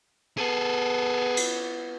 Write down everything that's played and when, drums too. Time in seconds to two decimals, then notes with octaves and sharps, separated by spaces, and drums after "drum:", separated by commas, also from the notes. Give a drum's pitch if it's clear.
0.38 B3 G#4 A4
1.37 drum: cymbal